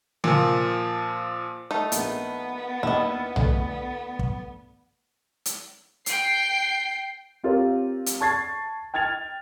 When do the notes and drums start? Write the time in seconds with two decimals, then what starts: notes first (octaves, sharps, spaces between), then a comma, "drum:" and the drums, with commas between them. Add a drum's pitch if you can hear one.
0.24 A#2 F3, drum: tom C#3
1.71 A3 D#4
1.92 A#1 B3, drum: hi-hat
2.83 D#2 D4 E4 D#5 F#5
3.36 D2, drum: tom B1
4.19 drum: kick
5.45 drum: hi-hat
6.06 G5 C7, drum: hi-hat
7.44 C4 F4 G4 A#4 C#5
8.06 drum: hi-hat
8.20 A5 C#6 G#6 A6 C7
8.94 G5 F6 G#6 A6 F7